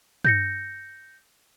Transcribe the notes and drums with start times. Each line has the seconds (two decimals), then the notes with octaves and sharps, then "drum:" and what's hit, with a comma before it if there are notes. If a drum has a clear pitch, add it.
0.25 G6 A#6 C#7, drum: tom G2